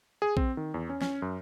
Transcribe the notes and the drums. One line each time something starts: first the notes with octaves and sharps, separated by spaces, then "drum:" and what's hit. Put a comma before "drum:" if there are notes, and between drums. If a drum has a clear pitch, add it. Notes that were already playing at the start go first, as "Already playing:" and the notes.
G#4
C4, drum: kick A#1
D#3
E2
C#4
C#4, drum: snare
F#2